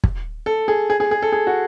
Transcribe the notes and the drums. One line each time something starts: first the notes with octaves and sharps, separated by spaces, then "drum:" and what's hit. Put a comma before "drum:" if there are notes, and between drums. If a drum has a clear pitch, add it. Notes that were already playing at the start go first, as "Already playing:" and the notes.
drum: kick
A4
G#4
G#4
G#4
G#4
A4
G#4
F#4